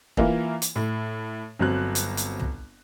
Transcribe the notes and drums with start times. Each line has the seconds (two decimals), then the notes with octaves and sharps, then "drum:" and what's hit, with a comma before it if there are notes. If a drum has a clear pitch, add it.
0.17 E3 A#3 E4 F4, drum: kick
0.62 drum: hi-hat
0.76 A2
1.59 G1 F#3 C4 F#6
1.95 drum: hi-hat
2.17 drum: hi-hat
2.40 drum: tom